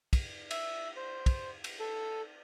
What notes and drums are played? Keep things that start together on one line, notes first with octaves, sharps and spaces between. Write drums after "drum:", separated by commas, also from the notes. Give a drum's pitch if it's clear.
drum: kick, cymbal
E5, drum: cymbal
C5
drum: kick, cymbal
drum: cymbal
A4